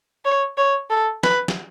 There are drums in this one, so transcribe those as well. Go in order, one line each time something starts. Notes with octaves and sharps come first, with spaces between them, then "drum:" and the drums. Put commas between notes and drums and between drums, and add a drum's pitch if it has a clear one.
C#5
C#5
A4
B4, drum: snare
drum: snare